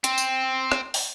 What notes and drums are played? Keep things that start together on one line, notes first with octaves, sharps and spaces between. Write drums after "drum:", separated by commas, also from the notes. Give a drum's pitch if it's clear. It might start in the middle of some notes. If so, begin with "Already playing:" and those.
C4, drum: hi-hat
drum: tambourine
drum: rim click
drum: open hi-hat